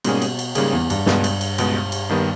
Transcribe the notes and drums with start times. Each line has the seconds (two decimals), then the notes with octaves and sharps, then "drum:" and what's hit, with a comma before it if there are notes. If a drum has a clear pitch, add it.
0.04 G#2 B2 G3 A#3 C#4 G#4, drum: cymbal
0.22 drum: cymbal
0.39 drum: cymbal
0.55 G#2 C#3 G3 A#3 C#4 G#4, drum: cymbal
0.72 E2
0.90 G2, drum: cymbal
1.06 C#2 G2 B2 G#3 B3, drum: snare
1.24 drum: cymbal
1.41 drum: cymbal
1.58 C#2 B2 G#3 B3, drum: cymbal
1.92 drum: cymbal
2.09 D#2 D#3 G3 B3